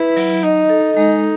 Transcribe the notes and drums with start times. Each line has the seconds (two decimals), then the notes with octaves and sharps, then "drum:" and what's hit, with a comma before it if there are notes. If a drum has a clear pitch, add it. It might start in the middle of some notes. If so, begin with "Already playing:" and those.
Already playing: E4 B4
0.16 F#3, drum: open hi-hat
0.43 D#4 D#5
0.69 A4
0.96 G#3 D#4